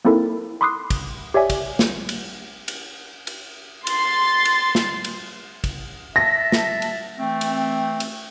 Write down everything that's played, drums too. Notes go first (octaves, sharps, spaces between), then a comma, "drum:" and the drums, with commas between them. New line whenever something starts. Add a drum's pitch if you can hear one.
A#3 C4 D#4 E4 A4 A#4
B5 C6 D6 D#6 F#6 C7
drum: kick, cymbal
G4 C#5 D5 E5 G#5
drum: kick, cymbal
drum: snare
drum: cymbal
drum: cymbal
drum: cymbal
C6 A6, drum: cymbal
drum: cymbal
drum: snare
drum: cymbal
drum: kick, cymbal
E5 A5 A#6
drum: snare
drum: cymbal
E3 A3 C4
drum: cymbal
drum: cymbal